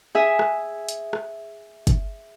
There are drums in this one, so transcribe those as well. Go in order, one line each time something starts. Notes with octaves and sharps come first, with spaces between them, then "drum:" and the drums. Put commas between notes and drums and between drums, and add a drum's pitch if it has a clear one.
G#4 E5 G#5
drum: rim click
drum: hi-hat
drum: rim click
drum: kick G1, hi-hat